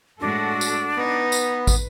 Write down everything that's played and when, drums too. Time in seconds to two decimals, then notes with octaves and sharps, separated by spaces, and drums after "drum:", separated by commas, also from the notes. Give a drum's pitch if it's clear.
0.21 A2 G#3 D4 F#4 A4
0.61 drum: tambourine
0.97 B3 D#4 B4
1.32 drum: tambourine
1.67 drum: kick, tambourine